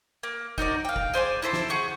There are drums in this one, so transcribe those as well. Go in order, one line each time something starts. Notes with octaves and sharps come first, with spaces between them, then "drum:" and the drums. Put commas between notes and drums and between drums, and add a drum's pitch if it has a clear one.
A#3
D#4 F#4 A#4 D5, drum: kick
F5 G5
drum: kick
G#4 C5 D5 G#5
E4 A4 B4 C5
drum: snare
G#4 F#5 C#6 G6